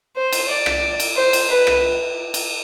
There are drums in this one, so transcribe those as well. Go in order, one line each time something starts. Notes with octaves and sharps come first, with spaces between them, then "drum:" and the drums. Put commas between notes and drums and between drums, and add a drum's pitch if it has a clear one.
C5
drum: cymbal
D5
drum: rim click
drum: cymbal
C5
drum: cymbal
B4
drum: rim click
drum: cymbal